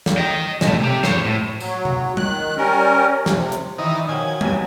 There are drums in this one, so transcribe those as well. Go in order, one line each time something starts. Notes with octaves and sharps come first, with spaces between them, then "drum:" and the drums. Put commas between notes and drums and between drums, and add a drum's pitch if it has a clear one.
drum: snare
D#5 G5
C2 A3, drum: snare
C3 G4
C5 C#5, drum: snare
A2
F#3, drum: tambourine
drum: tom C3
D#3 F#6, drum: tom G3
G3 C#4 A#4
C3, drum: snare
drum: hi-hat
D#3 E3 D#4
D4
D#3 F3 F#3 E4 G#5
B1 E2 G2 E3 F#3 D#7, drum: tom G3